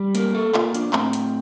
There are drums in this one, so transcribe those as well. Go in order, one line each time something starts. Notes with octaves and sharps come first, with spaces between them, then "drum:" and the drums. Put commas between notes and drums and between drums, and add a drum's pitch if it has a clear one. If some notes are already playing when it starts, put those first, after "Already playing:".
Already playing: G3
A#3 A#4, drum: hi-hat
A4
A#3 F4, drum: clap
D4, drum: hi-hat
A2 C4, drum: clap
drum: hi-hat